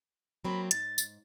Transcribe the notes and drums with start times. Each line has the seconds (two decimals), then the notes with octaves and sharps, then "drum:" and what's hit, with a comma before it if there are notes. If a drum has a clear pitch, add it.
0.45 F#3 A#3 C4 B5
0.71 G#2 A6, drum: hi-hat
0.98 drum: tambourine